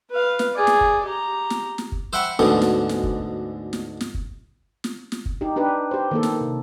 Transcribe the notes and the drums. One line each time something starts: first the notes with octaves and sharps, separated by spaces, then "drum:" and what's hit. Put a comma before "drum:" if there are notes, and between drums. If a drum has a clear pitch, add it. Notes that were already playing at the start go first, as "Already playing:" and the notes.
B4 F5
drum: snare
G#4 D5
drum: snare
drum: kick
G4 A#5
drum: snare
drum: snare
drum: kick
C5 E5 F#5 G5 B5 C#6
D2 G#2 B2 D3 B3
drum: snare
drum: snare
drum: kick
drum: snare
drum: snare
drum: kick
drum: snare
drum: snare
drum: kick
D#4 G4
D4 G4 B4
G4 C5
D#3 A#3 A4
drum: snare
C3